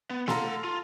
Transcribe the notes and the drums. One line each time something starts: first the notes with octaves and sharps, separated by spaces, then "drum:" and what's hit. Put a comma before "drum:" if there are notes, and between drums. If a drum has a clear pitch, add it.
B3
A4 F5 F#5 A#5 C6, drum: snare
F4